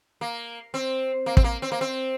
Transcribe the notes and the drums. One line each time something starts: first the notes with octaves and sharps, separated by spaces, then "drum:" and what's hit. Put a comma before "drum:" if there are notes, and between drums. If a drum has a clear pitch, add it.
A#3
C4
A#3
C4, drum: kick
A#3
C4
A#3
C4